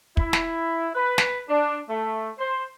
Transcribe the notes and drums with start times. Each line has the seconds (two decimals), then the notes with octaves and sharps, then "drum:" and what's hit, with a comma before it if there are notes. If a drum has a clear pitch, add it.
0.17 E4, drum: kick
0.33 drum: snare
0.95 B4
1.18 drum: snare
1.49 D4
1.89 A3
2.39 C5